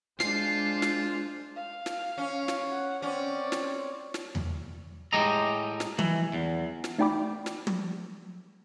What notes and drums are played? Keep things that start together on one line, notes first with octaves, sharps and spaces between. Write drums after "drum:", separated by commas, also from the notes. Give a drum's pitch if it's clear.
G#3 D4 F4 C5 C7, drum: snare
drum: snare
F5
drum: snare
C#4
drum: snare
F#5
C4 C#4 D5
drum: snare
drum: snare
drum: tom E2
A2 G#3 G4 D#5 A#5
drum: snare
E3, drum: tom
E2
drum: snare
A3 D#4 D5 G5 B5 D6
drum: snare
drum: tom